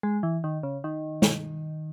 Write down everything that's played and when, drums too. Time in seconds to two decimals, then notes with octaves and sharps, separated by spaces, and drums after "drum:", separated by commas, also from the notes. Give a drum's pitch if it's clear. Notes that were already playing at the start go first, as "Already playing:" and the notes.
0.03 G#3
0.23 E3
0.44 D#3
0.63 C#3
0.84 D#3
1.22 drum: snare